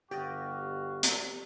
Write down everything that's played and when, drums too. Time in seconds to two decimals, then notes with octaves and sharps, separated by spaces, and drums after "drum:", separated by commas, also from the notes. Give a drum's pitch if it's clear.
0.11 G1 F#4 G4 D5 D#5 F5
1.03 drum: hi-hat